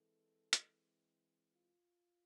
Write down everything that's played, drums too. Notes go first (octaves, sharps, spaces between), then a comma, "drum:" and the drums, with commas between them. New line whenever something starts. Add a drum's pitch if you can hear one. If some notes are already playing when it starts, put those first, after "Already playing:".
Already playing: E3 G#3 C4 A4
drum: hi-hat
F4